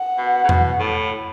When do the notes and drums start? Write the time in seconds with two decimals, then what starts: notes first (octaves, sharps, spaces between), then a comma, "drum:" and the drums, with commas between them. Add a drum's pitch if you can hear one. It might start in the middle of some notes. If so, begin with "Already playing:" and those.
Already playing: F#5
0.18 B2
0.44 C#3
0.49 B2, drum: tom E2
0.80 A2